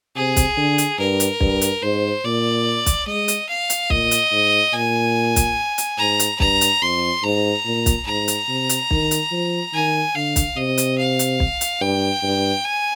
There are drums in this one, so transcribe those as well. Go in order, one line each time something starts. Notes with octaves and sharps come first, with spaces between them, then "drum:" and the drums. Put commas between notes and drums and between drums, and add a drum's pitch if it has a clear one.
C3 G#4
drum: kick B1, hi-hat
D3
drum: hi-hat
G2 A#4
drum: hi-hat
G2, drum: kick B1
drum: hi-hat
G#2 C5
A#2 D5
drum: kick B1, hi-hat
G#3 D#5
drum: hi-hat
F5
drum: hi-hat
A#2 D#5, drum: kick B1
drum: hi-hat
G#2
A#2 G#5
drum: kick B1, hi-hat
drum: hi-hat
G#2 A#5
drum: hi-hat
G2 A#5, drum: kick B1
drum: hi-hat
F2 C6
G#2 A#5
A#2
drum: kick B1, hi-hat
G#2 A#5
drum: hi-hat
C3
drum: hi-hat
D#3, drum: kick B1
drum: hi-hat
F3
D#3 G#5
D3 F5
drum: kick B1, hi-hat
C3 D#5
drum: hi-hat
F5
drum: hi-hat
drum: kick B1
drum: hi-hat
G2 G5
G2
G#5